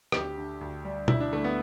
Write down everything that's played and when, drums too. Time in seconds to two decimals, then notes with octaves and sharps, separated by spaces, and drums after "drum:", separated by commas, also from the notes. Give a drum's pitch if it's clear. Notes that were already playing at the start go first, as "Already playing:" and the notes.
0.12 D2 G4, drum: rim click
0.37 D3
0.61 D2
0.84 G3
1.08 D2 E4, drum: tom
1.20 D4
1.32 D3 A3
1.44 B3